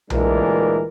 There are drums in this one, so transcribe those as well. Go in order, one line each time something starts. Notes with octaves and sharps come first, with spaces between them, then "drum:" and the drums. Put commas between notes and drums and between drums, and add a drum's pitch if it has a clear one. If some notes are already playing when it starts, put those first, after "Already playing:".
D2 A#2 E3 G#3 D4 A#4, drum: tom B1